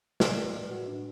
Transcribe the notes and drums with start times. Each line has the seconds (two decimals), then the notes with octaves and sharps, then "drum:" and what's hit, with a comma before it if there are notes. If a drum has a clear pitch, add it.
0.20 A2 D5, drum: snare
0.37 A3
0.45 B4
0.54 A3
0.71 A2 F#4
0.87 A2 D4